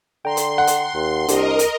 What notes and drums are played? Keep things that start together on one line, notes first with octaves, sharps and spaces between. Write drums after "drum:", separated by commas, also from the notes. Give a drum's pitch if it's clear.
D3 G5 A#5 C6
drum: hi-hat
F#5
drum: hi-hat
D#2
C2 D4 G4 A#4 D#5, drum: hi-hat
drum: hi-hat